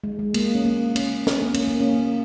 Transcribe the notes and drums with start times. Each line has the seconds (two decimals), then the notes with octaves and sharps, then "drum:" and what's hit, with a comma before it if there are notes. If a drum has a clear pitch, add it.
0.04 G#3
0.19 G#3
0.34 A#3, drum: cymbal
0.55 C#4
0.65 A#3
0.96 C#4, drum: cymbal
1.27 C#4, drum: snare
1.42 A#3
1.54 C#4, drum: cymbal
1.68 A#3
1.80 C#4
1.93 A#3